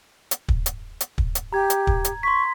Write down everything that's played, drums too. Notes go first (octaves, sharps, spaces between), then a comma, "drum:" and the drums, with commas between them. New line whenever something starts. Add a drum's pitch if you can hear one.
drum: hi-hat
drum: kick
drum: hi-hat
drum: hi-hat
drum: kick
drum: hi-hat
G4 A#5 G#6
drum: hi-hat
drum: kick
drum: hi-hat
C6 C#6 B6